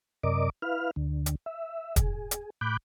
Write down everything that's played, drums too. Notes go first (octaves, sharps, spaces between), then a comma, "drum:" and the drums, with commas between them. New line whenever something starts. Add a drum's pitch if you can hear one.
F#2 C3 A#4 D5 D#5 D6
E4 B4 F5 F6
D2 D3
drum: hi-hat
E5
G#4, drum: kick, hi-hat
drum: hi-hat
A2 B5 D6 F#6 G6